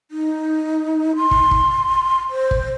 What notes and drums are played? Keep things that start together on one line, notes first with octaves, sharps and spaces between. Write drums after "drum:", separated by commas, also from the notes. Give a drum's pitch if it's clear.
D#4
C6
drum: kick
drum: kick
C5
drum: kick